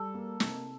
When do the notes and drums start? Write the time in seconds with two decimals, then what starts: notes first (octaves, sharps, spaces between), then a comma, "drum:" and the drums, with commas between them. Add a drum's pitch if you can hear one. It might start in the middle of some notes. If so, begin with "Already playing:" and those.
Already playing: G3 A4
0.14 A#3
0.40 C3, drum: snare